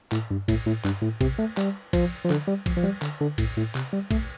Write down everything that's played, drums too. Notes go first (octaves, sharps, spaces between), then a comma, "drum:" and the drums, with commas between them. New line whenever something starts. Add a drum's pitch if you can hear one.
A2, drum: clap
G2
A2, drum: kick A#1, cymbal
A2
G2, drum: clap
A2
C3, drum: kick A#1, cymbal
A3
G3, drum: clap
F3, drum: kick A#1, cymbal
F3
D3, drum: clap
G3
F3, drum: kick A#1, cymbal
F3
G3
D3, drum: clap
D3
A2, drum: kick A#1, cymbal
A2
C3, drum: clap
G3
A3, drum: kick A#1, cymbal